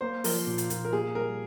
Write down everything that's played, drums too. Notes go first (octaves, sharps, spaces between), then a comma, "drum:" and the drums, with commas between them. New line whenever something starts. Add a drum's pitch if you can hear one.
A#3 C5
F3 A#4, drum: open hi-hat
A#2
drum: hi-hat
A#2, drum: hi-hat
A#4
A#3 G#4
G3 A#4